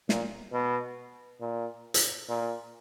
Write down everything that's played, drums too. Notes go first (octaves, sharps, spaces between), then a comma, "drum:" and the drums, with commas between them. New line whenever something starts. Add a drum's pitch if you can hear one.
A#2, drum: snare
B2
A#2
drum: hi-hat
A#2